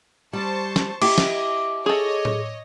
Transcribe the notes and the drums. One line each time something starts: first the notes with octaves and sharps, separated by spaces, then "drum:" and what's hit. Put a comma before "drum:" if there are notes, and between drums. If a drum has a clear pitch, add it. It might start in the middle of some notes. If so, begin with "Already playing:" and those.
G3 C5 A5 C#6
drum: snare
E4 G4 D#5 D6, drum: cymbal
drum: snare
G#4 A4 C#5 D#5
drum: tom A2